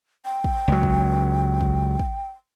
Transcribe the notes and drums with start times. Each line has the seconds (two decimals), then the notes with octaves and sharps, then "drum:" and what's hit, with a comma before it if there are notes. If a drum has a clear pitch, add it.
0.25 G5
0.44 drum: kick
0.68 C#2 F#3
0.83 drum: kick
1.61 drum: kick
1.99 drum: kick